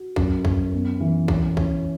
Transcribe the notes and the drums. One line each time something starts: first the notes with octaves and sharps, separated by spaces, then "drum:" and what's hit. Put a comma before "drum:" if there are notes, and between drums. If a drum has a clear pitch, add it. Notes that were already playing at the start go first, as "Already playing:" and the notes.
Already playing: F#4
F#2, drum: kick
F#2, drum: kick
B3
E3
C#4, drum: kick
C#4, drum: kick